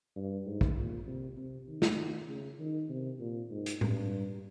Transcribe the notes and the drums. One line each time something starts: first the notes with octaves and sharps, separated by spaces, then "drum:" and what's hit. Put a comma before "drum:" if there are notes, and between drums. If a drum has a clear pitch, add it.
G2
G#2
drum: kick
A#2
C3
C3
D#3
drum: snare
C#3
D#3
C3
A#2
G#2
drum: hi-hat
G2, drum: tom A2